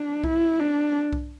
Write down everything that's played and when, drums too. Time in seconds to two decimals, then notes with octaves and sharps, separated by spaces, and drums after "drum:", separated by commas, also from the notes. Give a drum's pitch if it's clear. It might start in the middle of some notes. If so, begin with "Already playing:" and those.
Already playing: D4
0.24 E4, drum: kick B1
0.60 D4
1.13 drum: kick B1